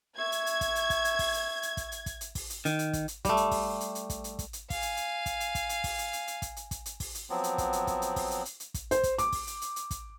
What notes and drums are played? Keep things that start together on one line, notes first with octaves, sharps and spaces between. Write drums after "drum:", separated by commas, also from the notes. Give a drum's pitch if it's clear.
E5 C#6 G#6
drum: hi-hat
drum: hi-hat
drum: kick, hi-hat
drum: hi-hat
drum: kick, hi-hat
drum: hi-hat
drum: kick, open hi-hat
drum: hi-hat
drum: hi-hat
drum: kick, hi-hat
drum: hi-hat
drum: kick, hi-hat
drum: hi-hat
drum: kick, open hi-hat
drum: hi-hat
D#3, drum: hi-hat
drum: hi-hat
drum: kick, hi-hat
drum: hi-hat
G3 A3, drum: kick, hi-hat
drum: hi-hat
drum: kick, open hi-hat
drum: hi-hat
drum: hi-hat
drum: kick, hi-hat
drum: hi-hat
drum: kick, hi-hat
drum: hi-hat
F5 G#5, drum: kick, open hi-hat
drum: hi-hat
drum: hi-hat
drum: kick, hi-hat
drum: hi-hat
drum: kick, hi-hat
drum: hi-hat
drum: kick, open hi-hat
drum: hi-hat
drum: hi-hat
drum: hi-hat
drum: kick, hi-hat
drum: hi-hat
drum: kick, hi-hat
drum: hi-hat
drum: kick, open hi-hat
drum: hi-hat
F3 F#3 B3 C4
drum: hi-hat
drum: kick, hi-hat
drum: hi-hat
drum: kick, hi-hat
drum: hi-hat
drum: kick, open hi-hat
drum: hi-hat
drum: hi-hat
drum: hi-hat
drum: kick, hi-hat
C5, drum: hi-hat
drum: kick, hi-hat
D6, drum: hi-hat
drum: kick, open hi-hat
drum: hi-hat
drum: hi-hat
drum: hi-hat
drum: kick, hi-hat